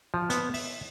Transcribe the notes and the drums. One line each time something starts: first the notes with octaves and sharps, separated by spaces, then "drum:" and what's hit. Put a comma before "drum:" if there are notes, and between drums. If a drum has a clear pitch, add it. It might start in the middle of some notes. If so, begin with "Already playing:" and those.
F3
B3, drum: hi-hat
E5, drum: open hi-hat